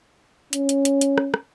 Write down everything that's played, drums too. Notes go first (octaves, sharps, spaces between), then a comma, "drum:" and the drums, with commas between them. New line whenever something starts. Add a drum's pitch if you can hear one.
C#4, drum: hi-hat
drum: hi-hat
drum: hi-hat
drum: hi-hat
drum: rim click
drum: rim click